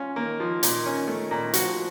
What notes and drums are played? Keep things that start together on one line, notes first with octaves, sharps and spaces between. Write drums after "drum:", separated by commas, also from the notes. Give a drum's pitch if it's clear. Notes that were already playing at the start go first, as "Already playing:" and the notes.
Already playing: C#4 F4
D#3 A#3
F3
A#2, drum: hi-hat
C#4
A3
A#2
F3 F#4, drum: hi-hat